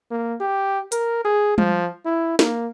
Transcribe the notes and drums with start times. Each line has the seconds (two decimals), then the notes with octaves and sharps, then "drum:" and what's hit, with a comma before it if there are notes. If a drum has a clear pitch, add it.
0.11 A#3
0.40 G4
0.92 A#4, drum: hi-hat
1.25 G#4
1.58 F3, drum: tom G3
2.05 E4
2.39 A#3, drum: snare